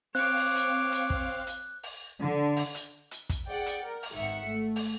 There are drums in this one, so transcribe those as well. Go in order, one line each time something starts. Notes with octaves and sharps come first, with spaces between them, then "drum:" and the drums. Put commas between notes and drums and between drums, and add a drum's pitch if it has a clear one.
C4 C#5 F5 D6 F#6
drum: open hi-hat
drum: hi-hat
drum: hi-hat
drum: kick
drum: hi-hat
drum: open hi-hat
D3
drum: open hi-hat
drum: hi-hat
drum: hi-hat
drum: kick, hi-hat
G#4 D5 F#5 G5
drum: hi-hat
A#4
drum: open hi-hat
G#1 D#3 E5 F#5 C#7
A3
drum: open hi-hat